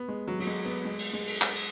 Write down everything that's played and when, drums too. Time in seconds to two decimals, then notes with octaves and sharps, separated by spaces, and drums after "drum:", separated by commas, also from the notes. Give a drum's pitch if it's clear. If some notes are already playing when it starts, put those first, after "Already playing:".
Already playing: B3
0.09 G#3
0.27 F#3
0.40 F#3, drum: cymbal
0.47 G#3
0.65 B3
0.85 G#3
0.99 drum: cymbal
1.13 G#3
1.27 drum: cymbal
1.41 drum: clap
1.56 drum: cymbal